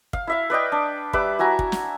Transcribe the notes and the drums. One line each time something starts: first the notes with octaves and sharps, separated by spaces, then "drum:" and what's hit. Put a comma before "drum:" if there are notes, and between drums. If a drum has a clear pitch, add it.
F5, drum: kick
E4 E5 F5
B4 D5 D#5 G5
D4
G3 B4 E5 D6, drum: kick
E4 F#4 G#5 A#5
drum: kick
drum: snare